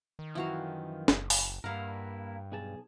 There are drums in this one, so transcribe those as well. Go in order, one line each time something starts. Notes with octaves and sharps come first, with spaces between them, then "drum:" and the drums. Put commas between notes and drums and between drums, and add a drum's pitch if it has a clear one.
D#3
F#2 E3 F3 E4 F#4 F5
F#1, drum: snare
drum: open hi-hat
G2 A#3 E4 A#4 F5 F#5
B1 G#4 A5